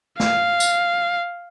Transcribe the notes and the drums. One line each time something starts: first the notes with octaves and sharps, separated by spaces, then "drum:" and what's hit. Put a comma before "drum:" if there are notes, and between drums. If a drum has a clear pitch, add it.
F5, drum: snare
drum: tambourine